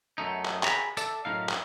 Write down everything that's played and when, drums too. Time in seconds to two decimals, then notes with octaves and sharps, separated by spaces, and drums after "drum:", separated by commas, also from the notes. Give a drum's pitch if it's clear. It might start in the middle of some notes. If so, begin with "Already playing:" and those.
0.18 F#2 A3 D#4
0.45 drum: clap
0.63 G#4 A#5 B5, drum: clap
0.97 A4 D5 E5 A5, drum: tambourine
1.25 F#2 A2 G#3 D#4 F5
1.49 drum: clap